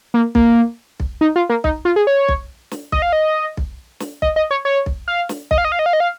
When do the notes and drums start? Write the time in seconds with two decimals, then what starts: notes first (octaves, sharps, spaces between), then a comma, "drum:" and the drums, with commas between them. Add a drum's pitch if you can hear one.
0.14 A#3
0.35 A#3, drum: kick B1
1.00 drum: kick B1
1.21 D#4
1.36 F4
1.49 A#3
1.64 D#4, drum: kick B1
1.85 F4
1.96 G#4
2.07 C#5
2.28 drum: kick B1
2.71 drum: snare
2.92 D#5, drum: kick B1
3.02 F5
3.13 D#5
3.57 drum: kick B1
4.00 drum: snare
4.22 D#5, drum: kick B1
4.36 D#5
4.51 C#5
4.65 C#5
4.86 drum: kick B1
5.08 F5
5.29 drum: snare
5.51 D#5, drum: kick B1
5.58 F5
5.65 D#5
5.72 F5
5.79 D#5
5.86 F5
5.93 D#5
6.00 F5